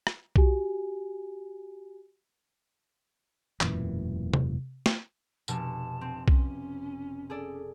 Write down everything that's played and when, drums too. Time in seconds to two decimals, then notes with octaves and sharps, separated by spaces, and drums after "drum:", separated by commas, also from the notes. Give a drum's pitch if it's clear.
0.07 drum: rim click
0.36 F#4 G4 G#5, drum: kick B1
3.61 E1 F#2 A#2 E3, drum: clap
4.34 drum: tom C3
4.86 drum: snare
5.48 F1 B2 A5, drum: tambourine
6.01 C4
6.28 C#4, drum: kick B1
7.30 G#4 A4 D5